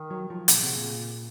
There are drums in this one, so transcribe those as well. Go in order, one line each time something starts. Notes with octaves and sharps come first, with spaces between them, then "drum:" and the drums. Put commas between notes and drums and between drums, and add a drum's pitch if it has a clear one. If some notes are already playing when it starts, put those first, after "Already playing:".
Already playing: D#3
F#3
F3
A#2 C#3, drum: hi-hat
C3
A#2